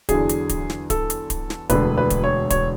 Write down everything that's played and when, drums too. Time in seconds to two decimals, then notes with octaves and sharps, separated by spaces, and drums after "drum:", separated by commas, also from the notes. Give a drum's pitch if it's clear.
0.09 E2 D3 F#3 G#4, drum: kick D1, hi-hat
0.29 drum: hi-hat
0.49 drum: kick D1, hi-hat
0.70 drum: snare
0.90 A4, drum: kick D1, hi-hat
1.10 drum: hi-hat
1.30 drum: kick D1, hi-hat
1.50 drum: snare
1.70 E1 D2 D3 B4, drum: kick D1, hi-hat
1.98 B4
2.10 drum: kick D1, hi-hat
2.24 C#5
2.50 C#5, drum: kick D1, hi-hat